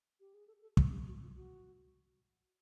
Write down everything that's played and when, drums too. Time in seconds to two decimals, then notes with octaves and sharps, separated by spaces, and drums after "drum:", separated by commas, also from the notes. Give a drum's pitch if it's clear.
0.20 G4
0.34 G#4
0.47 A4
0.62 A4
0.77 G#4, drum: kick
0.91 G4
1.07 F#4
1.22 F4
1.36 F#4